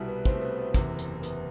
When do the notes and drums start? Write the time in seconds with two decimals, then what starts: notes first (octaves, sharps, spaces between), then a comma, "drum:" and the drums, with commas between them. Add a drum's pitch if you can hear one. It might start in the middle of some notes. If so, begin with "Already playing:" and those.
Already playing: C2 B2 G3 E4
0.08 B3
0.25 C4, drum: kick
0.34 A3
0.41 B3
0.58 B3
0.74 F#1 E2 C3, drum: kick, hi-hat
0.99 drum: hi-hat
1.23 B3, drum: hi-hat